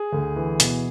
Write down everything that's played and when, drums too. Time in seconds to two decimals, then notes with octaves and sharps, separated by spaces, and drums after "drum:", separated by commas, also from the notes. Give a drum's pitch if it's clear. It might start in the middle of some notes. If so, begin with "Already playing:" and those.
Already playing: G#4
0.13 D2
0.36 E3
0.60 B2, drum: hi-hat